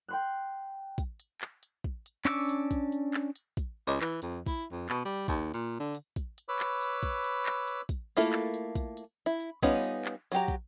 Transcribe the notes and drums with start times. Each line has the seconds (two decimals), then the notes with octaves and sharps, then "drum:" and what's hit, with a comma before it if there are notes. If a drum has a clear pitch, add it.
0.08 G5 C6 F#6
0.98 drum: kick, hi-hat
1.20 drum: hi-hat
1.41 drum: clap
1.63 drum: hi-hat
1.84 drum: kick
2.06 drum: hi-hat
2.25 C#4 D4 C#6 D6 E6, drum: clap
2.49 drum: hi-hat
2.71 drum: kick, hi-hat
2.92 drum: hi-hat
3.14 drum: clap
3.36 drum: hi-hat
3.57 drum: kick, hi-hat
3.87 C#2
4.01 E3, drum: clap
4.22 F2, drum: hi-hat
4.47 E4, drum: kick, hi-hat
4.71 F2
4.89 B2, drum: clap
5.05 G3
5.28 D#2, drum: kick, hi-hat
5.54 A#2, drum: hi-hat
5.80 D3
5.95 drum: hi-hat
6.16 drum: kick, hi-hat
6.38 drum: hi-hat
6.49 B4 C#5 B5 D6 E6
6.60 drum: clap
6.81 drum: hi-hat
7.03 drum: kick, hi-hat
7.24 drum: hi-hat
7.46 drum: clap
7.68 drum: hi-hat
7.89 drum: kick, hi-hat
8.17 A3 A#3 E4 F4 A4
8.32 drum: clap
8.54 drum: hi-hat
8.75 drum: kick, hi-hat
8.97 drum: hi-hat
9.26 E4
9.40 drum: hi-hat
9.63 G3 B3 C#4 D#4 F4, drum: kick, hi-hat
9.83 drum: hi-hat
10.05 drum: clap
10.32 F#3 F#4 G4 A#5
10.48 drum: kick, hi-hat